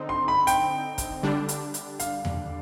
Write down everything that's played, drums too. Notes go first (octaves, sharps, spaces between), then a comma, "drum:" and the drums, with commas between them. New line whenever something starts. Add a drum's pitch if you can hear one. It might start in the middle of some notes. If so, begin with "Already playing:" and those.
Already playing: D3 C4 D#4
C6
B5
G5, drum: hi-hat
drum: kick, hi-hat
D3 G3 D4
drum: hi-hat
drum: hi-hat
F5, drum: hi-hat
drum: tom E2